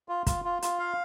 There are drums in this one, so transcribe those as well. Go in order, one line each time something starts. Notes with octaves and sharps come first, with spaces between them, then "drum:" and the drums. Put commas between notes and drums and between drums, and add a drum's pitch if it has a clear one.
F4
F4, drum: kick, hi-hat
F4
F4, drum: hi-hat
F5